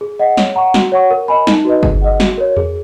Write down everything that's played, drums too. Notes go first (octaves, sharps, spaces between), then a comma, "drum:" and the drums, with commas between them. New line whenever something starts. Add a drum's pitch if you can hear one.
G#4
D#5 F#5
C#5, drum: snare
F#5 A#5 C#6
F#4, drum: snare
C#5 F#5 C#6
A#4
D#5 G#5 B5
D#4, drum: snare
F#4 B4 D#5
G#4, drum: kick G1
D#5 F#5
F#4, drum: snare
A#4 C#5
G#4, drum: tom E2